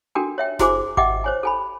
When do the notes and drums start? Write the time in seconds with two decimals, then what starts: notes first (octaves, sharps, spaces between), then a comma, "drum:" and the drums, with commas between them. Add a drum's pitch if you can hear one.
0.15 D4 F#4 A4 A#4 G5 G#5
0.38 C#5 E5 G5
0.59 E4 F#4 G#4 C5 G#5 D6, drum: snare F#1
0.97 D#5 E5 F#5 G5 D6, drum: kick G#1
1.24 C5 C#5 G#5
1.43 A4 G#5 B5